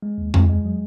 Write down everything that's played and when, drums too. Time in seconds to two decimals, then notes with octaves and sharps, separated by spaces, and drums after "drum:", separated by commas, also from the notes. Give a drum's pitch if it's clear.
0.02 G#3
0.18 D#2
0.34 G#3, drum: tom F2
0.49 G#3
0.65 F#3